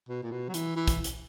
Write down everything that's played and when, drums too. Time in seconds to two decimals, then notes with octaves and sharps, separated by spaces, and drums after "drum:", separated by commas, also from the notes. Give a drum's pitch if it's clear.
0.09 B2
0.23 A#2
0.31 B2
0.49 F#3
0.54 E3, drum: hi-hat
0.76 E3
0.88 drum: kick, hi-hat
1.04 drum: hi-hat